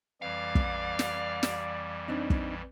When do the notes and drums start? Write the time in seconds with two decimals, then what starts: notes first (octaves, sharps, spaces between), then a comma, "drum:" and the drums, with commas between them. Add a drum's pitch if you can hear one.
0.22 F2 E3 G3 D5 F5
0.55 drum: kick
0.99 drum: snare
1.43 drum: snare
2.08 C4 D4 D#4
2.30 drum: kick